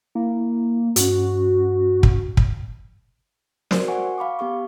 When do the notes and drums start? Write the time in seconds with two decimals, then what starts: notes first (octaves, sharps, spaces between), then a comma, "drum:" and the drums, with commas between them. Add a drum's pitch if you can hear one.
0.15 A#3 E4
0.96 G2 C#4 F#4, drum: hi-hat
2.03 drum: kick
2.37 drum: kick
3.71 F#4 A#4 C5 D5, drum: snare
3.88 F#5 G#5 C#6
4.18 F5 B5 C#6 D6
4.39 B3 G4 F5 C#6